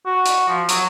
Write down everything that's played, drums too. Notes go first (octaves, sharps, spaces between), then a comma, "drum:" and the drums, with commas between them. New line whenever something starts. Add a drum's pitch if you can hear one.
F#4
drum: hi-hat
F3
F#3, drum: hi-hat